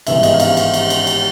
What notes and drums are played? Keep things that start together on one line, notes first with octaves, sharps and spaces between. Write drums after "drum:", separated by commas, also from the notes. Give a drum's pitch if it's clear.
G#1 G2 E3 G#3 B3 E5, drum: cymbal
D#5, drum: cymbal
F5
E5, drum: cymbal
drum: cymbal
drum: cymbal
drum: cymbal
drum: cymbal